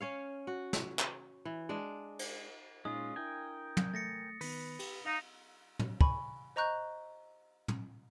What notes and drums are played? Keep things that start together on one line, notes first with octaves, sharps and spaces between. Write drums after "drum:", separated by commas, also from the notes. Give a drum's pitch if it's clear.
C#4 C#5 F5
F#4
drum: snare
drum: clap
E3
G#3 D4
drum: cymbal
A#2 G#3 C#4 D#4 F4 D#6
D4 E4 A#4 G5 G#5
drum: tom
A3 A6 A#6 C#7
D#3 B3 B4, drum: open hi-hat
G4, drum: cymbal
D#4 F5 A#6 F7
drum: tom
G#5 B5 C#6, drum: kick
C5 D#5 A#5 C#6 F#6 G6
drum: tom